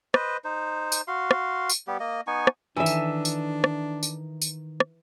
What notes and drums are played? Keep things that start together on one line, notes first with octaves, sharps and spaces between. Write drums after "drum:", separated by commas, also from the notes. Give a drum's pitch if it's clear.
B4 C5 D#5, drum: rim click
D#4 C5
drum: tambourine
F#4 F5 C6
drum: rim click
drum: tambourine
G3 B3 G4
A#3 D#5
B3 D#4 G#5 C#6
drum: rim click
D#3 E3 D4 A4 E5
drum: tambourine
drum: tambourine
drum: rim click
drum: tambourine
drum: tambourine
drum: rim click